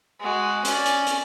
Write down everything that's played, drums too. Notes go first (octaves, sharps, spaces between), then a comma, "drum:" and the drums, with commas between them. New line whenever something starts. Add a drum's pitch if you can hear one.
G#3 F#4
C#4 D5, drum: hi-hat
drum: hi-hat
drum: hi-hat